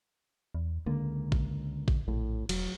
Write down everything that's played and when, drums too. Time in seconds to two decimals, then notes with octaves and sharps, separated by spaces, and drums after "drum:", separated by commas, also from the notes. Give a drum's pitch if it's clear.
0.55 E2
0.86 C#2 D3 A#3
1.32 drum: kick A1
1.88 drum: kick A1
2.08 A#1 A2
2.49 E1 F#3, drum: cymbal